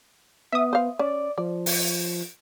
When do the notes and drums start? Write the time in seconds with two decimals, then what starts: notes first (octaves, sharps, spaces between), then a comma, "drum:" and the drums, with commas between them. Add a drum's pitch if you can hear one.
0.52 B3 E5 D#6
0.73 C5 F5
0.99 C#4 D5
1.38 F3 D5
1.66 drum: open hi-hat